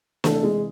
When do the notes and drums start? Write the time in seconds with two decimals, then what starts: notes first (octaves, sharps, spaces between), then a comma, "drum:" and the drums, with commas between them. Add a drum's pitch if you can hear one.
0.24 C3 E3 A3 A4, drum: snare
0.43 G#3 G#4